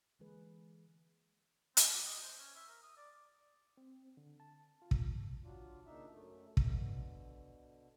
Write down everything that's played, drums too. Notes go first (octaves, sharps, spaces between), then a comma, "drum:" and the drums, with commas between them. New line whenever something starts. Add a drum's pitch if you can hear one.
D3 E3 G#3 A#3 G#4 B4
C4, drum: hi-hat
D6
D#5
C5
C#4
E5
A#4
D#6
D5
C4
D3
A5
F4
drum: kick
G2
F#3 D4 F4
A#2 C#3 D4 D#4 E5
F#2 A3
B2 D3, drum: kick